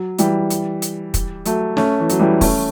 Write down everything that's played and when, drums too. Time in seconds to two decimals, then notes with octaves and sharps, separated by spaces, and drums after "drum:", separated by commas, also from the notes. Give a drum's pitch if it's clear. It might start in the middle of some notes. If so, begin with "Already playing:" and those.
Already playing: F#3
0.19 E3 G3, drum: hi-hat
0.50 drum: hi-hat
0.82 drum: hi-hat
1.14 drum: kick, hi-hat
1.46 F#3 A3, drum: hi-hat
1.77 A3 C#4, drum: snare
2.00 E3
2.10 F#3, drum: hi-hat
2.19 E3 G3
2.41 A3 C#4, drum: kick, open hi-hat